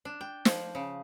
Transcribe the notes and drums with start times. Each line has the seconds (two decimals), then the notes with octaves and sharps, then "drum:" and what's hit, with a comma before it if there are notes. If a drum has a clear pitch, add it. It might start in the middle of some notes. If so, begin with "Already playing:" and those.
0.05 D4
0.21 G5
0.45 F3, drum: snare
0.75 C#3